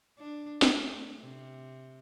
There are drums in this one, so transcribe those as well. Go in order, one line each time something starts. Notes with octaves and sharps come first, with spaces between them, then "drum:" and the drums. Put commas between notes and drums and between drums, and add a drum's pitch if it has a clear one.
D4
A3, drum: snare
C3